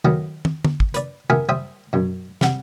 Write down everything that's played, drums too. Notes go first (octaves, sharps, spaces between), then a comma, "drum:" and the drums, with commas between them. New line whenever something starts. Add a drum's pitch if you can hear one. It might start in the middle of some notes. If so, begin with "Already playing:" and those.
D#3 F#3 A3 B3 G4 D#5
drum: tom
drum: tom D3
drum: kick
B4 D5, drum: hi-hat
B3 G4 G#4 A#4 E5 G#5
G3 C5 E5 G5 D#6
F#2 B2
C3 G3 F#5, drum: snare